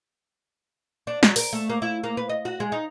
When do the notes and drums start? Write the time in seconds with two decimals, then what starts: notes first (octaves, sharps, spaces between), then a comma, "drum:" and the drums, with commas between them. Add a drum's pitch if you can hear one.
1.07 D4
1.23 F#3, drum: snare
1.36 A#4, drum: open hi-hat
1.53 A3
1.69 A#3
1.82 E4
2.04 A#3
2.17 B4
2.29 D#5
2.45 F#4
2.60 G#3
2.72 D#4